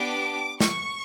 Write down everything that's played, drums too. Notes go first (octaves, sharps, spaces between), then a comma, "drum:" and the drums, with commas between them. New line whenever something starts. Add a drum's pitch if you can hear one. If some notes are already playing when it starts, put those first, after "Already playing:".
Already playing: B3 D4 G4 D6
C#6, drum: snare